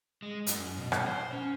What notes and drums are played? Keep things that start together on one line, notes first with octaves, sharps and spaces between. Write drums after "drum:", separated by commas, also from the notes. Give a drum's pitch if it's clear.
G#3
F#2, drum: hi-hat
B2
drum: rim click
C5
C#4